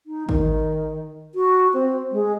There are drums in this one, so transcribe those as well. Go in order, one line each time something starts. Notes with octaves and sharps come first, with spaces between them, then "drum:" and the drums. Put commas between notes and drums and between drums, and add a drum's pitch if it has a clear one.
D#4
D#3, drum: kick
F#4
C4
G#3